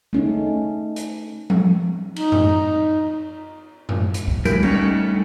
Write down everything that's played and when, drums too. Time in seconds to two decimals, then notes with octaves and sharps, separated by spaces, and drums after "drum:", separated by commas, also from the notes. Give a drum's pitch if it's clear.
0.13 A3 C#4 D#4
0.96 drum: hi-hat
1.50 drum: tom F3
2.16 D#4, drum: cymbal
2.32 drum: tom F#2
3.89 drum: tom F#2
4.14 drum: hi-hat
4.28 drum: kick
4.45 F#3 G#3 A#3 E4 G4 A#4, drum: tambourine
4.63 G3 A3 C#4 D#4, drum: cymbal